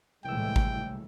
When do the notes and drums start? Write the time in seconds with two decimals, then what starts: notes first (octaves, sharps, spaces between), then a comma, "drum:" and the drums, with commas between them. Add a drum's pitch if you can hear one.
0.25 C2 A2 E3 G#3 G5 E6
0.56 drum: kick G#1